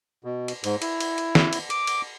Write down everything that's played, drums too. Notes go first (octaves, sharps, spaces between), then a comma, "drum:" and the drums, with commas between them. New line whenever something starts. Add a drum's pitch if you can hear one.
B2
drum: cymbal
G#2, drum: cymbal
E4, drum: cymbal
drum: cymbal
drum: cymbal
drum: snare
drum: cymbal
D6, drum: cymbal
drum: cymbal